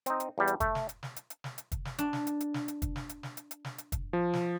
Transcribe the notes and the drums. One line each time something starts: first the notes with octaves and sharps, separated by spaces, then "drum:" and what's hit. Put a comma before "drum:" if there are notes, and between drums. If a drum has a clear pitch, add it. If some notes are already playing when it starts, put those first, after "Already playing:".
C4 D#4, drum: hi-hat
drum: hi-hat
E2 G3
drum: hi-hat
A3, drum: kick, hi-hat
drum: snare
drum: hi-hat
drum: snare
drum: hi-hat
drum: hi-hat
drum: snare
drum: hi-hat
drum: kick, hi-hat
drum: snare
D4, drum: hi-hat
drum: snare
drum: hi-hat
drum: hi-hat
drum: snare
drum: hi-hat
drum: kick, hi-hat
drum: snare
drum: hi-hat
drum: snare
drum: hi-hat
drum: hi-hat
drum: snare
drum: hi-hat
drum: kick, hi-hat
F3
drum: snare